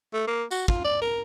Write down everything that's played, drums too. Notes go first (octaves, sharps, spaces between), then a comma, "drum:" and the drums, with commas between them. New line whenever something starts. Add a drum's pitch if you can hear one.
A3
A#3
F#4, drum: tambourine
F4, drum: kick
D5
A#4